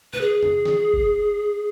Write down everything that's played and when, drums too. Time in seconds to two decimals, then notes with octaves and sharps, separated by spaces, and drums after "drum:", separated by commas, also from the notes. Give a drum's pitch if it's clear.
0.13 B4, drum: tom B2
0.21 G#4
0.43 drum: tom F2
0.65 drum: snare
0.94 drum: kick F#1